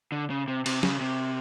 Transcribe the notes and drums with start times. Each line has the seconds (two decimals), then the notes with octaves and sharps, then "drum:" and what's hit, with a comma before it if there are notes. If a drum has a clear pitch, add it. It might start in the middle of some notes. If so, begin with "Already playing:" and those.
0.12 D3
0.30 C#3
0.48 C3
0.66 C3, drum: cymbal
0.83 C#3, drum: snare
1.01 C3